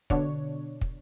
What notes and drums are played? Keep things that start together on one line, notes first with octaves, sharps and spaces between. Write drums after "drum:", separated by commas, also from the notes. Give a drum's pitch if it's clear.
B2 D3 D4 C#5, drum: kick
drum: kick